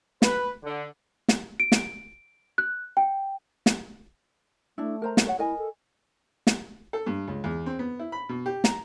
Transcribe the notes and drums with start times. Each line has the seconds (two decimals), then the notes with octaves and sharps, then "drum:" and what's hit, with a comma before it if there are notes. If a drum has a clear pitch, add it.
0.22 B4, drum: snare
0.63 D3
1.28 drum: snare
1.60 D7
1.72 drum: snare
2.58 F#6
2.97 G5
3.66 drum: snare
4.78 A3 D4 E4
5.02 A#4 C5 A#5
5.17 drum: snare
5.26 C#5 F#5
5.39 E4 A#4 D#5 G#5
5.58 A4
6.47 drum: snare
6.93 A4
7.06 G2
7.28 C#2
7.44 E2
7.66 C4
7.79 B3
7.99 E4
8.12 B5
8.29 B2
8.46 G4
8.64 A#5, drum: snare